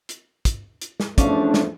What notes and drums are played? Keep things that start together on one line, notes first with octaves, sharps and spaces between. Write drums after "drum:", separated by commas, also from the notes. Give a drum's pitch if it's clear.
drum: hi-hat
drum: kick, hi-hat
drum: hi-hat
drum: snare
E2 F3 A3 C#4 D4 F5, drum: kick, hi-hat
drum: snare